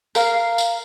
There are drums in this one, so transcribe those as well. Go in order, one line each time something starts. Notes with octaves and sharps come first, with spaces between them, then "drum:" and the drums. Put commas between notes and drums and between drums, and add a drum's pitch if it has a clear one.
A#4 F5, drum: tambourine
drum: tambourine